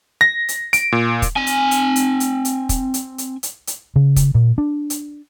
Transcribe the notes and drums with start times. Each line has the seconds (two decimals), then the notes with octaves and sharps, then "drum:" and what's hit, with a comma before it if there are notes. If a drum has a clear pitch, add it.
0.21 A#6
0.49 drum: hi-hat
0.73 D7, drum: hi-hat
0.92 A#2
1.22 drum: kick, hi-hat
1.37 C4 G#5
1.47 drum: hi-hat
1.71 drum: hi-hat
1.96 drum: hi-hat
2.20 drum: hi-hat
2.45 drum: hi-hat
2.69 drum: kick, hi-hat
2.94 drum: hi-hat
3.18 drum: hi-hat
3.43 drum: hi-hat
3.67 drum: hi-hat
3.96 C#3
4.16 drum: kick, hi-hat
4.35 A#2
4.58 D4
4.90 drum: hi-hat